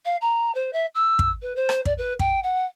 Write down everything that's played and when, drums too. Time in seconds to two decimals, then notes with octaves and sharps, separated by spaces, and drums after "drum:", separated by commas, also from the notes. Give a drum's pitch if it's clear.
0.05 F5
0.21 A#5
0.54 C5
0.73 E5
0.94 E6
1.19 drum: kick
1.42 B4
1.56 C5
1.69 drum: rim click
1.85 D5, drum: kick
1.98 B4
2.19 G5, drum: kick
2.43 F#5